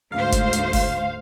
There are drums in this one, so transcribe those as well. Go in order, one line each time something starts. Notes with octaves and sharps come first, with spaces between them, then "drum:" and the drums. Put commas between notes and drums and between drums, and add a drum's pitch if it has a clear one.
D2 G#2 C5 F5
drum: kick F#1, hi-hat
drum: hi-hat
drum: kick F#1, open hi-hat